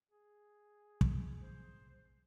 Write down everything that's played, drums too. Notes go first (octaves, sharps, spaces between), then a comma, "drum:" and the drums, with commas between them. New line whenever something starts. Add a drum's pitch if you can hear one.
G#4
drum: kick
C5